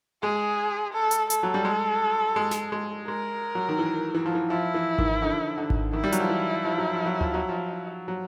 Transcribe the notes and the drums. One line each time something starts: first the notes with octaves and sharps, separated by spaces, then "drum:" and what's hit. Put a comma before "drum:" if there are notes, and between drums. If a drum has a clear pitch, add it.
G#3 G#4
A4
drum: hi-hat
A4, drum: hi-hat
F#3
G3
G#3
G#3
drum: snare
G#3
G#3 A#4
F#3
D#3
E3
E3
F3
E3
F3 E4
E3
D#3, drum: kick G#1
D3
D3
drum: kick G#1
D#3 E4
G3
F#3, drum: hi-hat
F3
E3
F3
F#3
F3
F#3
F3, drum: tom D2
F#3
F3
F#3